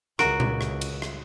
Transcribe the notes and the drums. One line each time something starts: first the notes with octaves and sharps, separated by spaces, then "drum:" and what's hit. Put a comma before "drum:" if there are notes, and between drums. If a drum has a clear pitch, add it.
C#2 F#4 A#4 D7, drum: rim click
drum: tom A#2
drum: rim click
drum: cymbal
drum: rim click